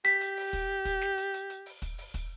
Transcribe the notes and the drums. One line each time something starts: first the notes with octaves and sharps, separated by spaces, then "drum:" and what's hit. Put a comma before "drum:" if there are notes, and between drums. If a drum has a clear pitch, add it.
G4 B6, drum: hi-hat
drum: hi-hat
drum: open hi-hat
drum: kick, hi-hat
drum: kick, hi-hat
drum: snare
drum: hi-hat
drum: hi-hat
drum: hi-hat
drum: open hi-hat
drum: kick, hi-hat
drum: open hi-hat
drum: kick, hi-hat